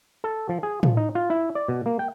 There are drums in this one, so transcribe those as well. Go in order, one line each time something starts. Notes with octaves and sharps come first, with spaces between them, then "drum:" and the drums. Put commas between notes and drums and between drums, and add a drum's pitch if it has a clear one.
A4
F3
G#4
F3, drum: tom A2
D#4
F4
E4
D5
B2
A#3
G5